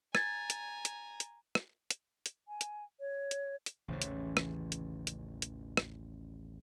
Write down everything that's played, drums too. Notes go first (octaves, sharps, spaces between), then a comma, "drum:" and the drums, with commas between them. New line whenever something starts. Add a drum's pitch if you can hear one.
G#5 A#5 G#6 A6, drum: rim click
drum: hi-hat
drum: hi-hat
drum: hi-hat
drum: rim click
drum: hi-hat
drum: hi-hat
G#5
drum: hi-hat
C#5
drum: hi-hat
drum: hi-hat
A1 D#2 A2 C#3 E3
drum: hi-hat
drum: rim click
drum: hi-hat
drum: hi-hat
drum: hi-hat
drum: rim click